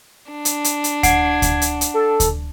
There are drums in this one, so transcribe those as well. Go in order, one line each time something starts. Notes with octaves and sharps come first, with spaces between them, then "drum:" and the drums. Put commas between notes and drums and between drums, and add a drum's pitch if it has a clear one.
D4
drum: hi-hat
drum: hi-hat
drum: hi-hat
F#5 G#6 C7 D7, drum: kick D2, hi-hat
drum: kick D2, hi-hat
drum: hi-hat
drum: hi-hat
A4
drum: kick D2, hi-hat